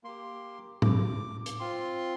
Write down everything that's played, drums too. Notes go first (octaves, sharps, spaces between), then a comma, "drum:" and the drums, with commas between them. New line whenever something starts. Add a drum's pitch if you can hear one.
A#3 G4 C6
D6, drum: tom A2
drum: hi-hat
C4 F4 C6